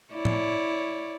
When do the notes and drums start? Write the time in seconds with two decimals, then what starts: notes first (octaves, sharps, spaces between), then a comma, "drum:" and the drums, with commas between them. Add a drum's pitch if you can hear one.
0.13 E4 C#5 D5
0.25 drum: tom A2